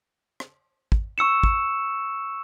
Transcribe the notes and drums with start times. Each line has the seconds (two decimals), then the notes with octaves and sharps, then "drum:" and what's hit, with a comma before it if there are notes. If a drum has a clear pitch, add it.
0.40 drum: rim click
0.92 drum: kick
1.18 C#6 E6 C#7 E7
1.43 drum: kick